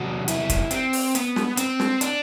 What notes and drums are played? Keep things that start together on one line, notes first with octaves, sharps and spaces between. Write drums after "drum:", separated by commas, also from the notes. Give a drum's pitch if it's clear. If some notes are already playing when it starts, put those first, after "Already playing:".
Already playing: E2 C3 F#3 F#4
E4, drum: hi-hat
drum: kick, hi-hat
C4, drum: hi-hat
drum: open hi-hat
B3, drum: hi-hat
drum: snare
C4, drum: hi-hat
drum: snare
D4, drum: hi-hat